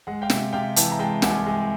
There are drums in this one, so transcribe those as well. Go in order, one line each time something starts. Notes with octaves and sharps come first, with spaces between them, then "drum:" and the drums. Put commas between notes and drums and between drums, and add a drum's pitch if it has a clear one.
G#3 F#5
F5 G5
C3, drum: snare
C3 F5 G5
E3 G5 A5, drum: hi-hat
A#5
G#3 G5 A5
C2 F#5 G#5, drum: snare
G#3